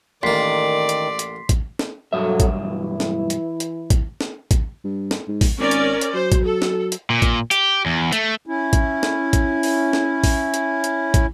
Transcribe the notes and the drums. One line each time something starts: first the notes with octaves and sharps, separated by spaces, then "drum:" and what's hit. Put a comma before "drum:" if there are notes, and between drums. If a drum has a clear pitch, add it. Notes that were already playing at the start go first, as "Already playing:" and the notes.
A1 D#3 A#3 D5 C6 B6 C7
drum: hi-hat
drum: hi-hat
drum: kick, hi-hat
drum: snare
B1 G2 F#3 A4 E5
drum: kick, hi-hat
E3 E4
drum: snare
drum: hi-hat
drum: hi-hat
drum: kick, hi-hat
drum: snare
drum: kick, hi-hat
G2
drum: snare
G#2
drum: kick, open hi-hat
G#1 C#4 A#4 D5
drum: hi-hat
drum: hi-hat
F#3 C5
drum: kick, hi-hat
A4
drum: snare
drum: hi-hat
A#2
drum: kick, hi-hat
G4, drum: hi-hat
E2
A3, drum: hi-hat
C#4 E4
drum: kick, hi-hat
drum: snare
drum: kick, hi-hat
drum: open hi-hat
drum: snare
drum: kick, open hi-hat
drum: hi-hat
drum: hi-hat
drum: kick, hi-hat